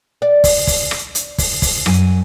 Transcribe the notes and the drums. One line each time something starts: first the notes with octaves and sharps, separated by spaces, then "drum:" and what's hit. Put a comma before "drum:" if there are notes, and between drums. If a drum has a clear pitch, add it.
D5
drum: kick, open hi-hat
drum: kick, open hi-hat
drum: rim click
drum: hi-hat
drum: kick, open hi-hat
drum: kick, open hi-hat
F#2 G#5, drum: rim click